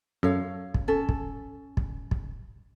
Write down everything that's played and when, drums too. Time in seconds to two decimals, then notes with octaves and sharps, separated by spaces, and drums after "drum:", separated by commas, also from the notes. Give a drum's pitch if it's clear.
0.23 F#2 A4 C#5 F5
0.74 drum: kick
0.88 C#4 A4
1.09 drum: kick
1.77 drum: kick
2.11 drum: kick